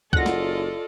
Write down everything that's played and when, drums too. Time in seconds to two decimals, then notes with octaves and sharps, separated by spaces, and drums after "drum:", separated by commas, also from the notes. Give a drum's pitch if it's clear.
0.13 F#1 F4 A4 D5 D#5 F#5 A#6, drum: kick C#2
0.26 drum: snare